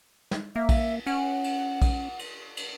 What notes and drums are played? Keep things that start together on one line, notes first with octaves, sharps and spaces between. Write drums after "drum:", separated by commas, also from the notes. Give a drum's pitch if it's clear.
drum: snare
A#3 E5
drum: kick A#1, cymbal
C#4 F#5, drum: cymbal
drum: cymbal
drum: kick A#1, cymbal
drum: cymbal
drum: cymbal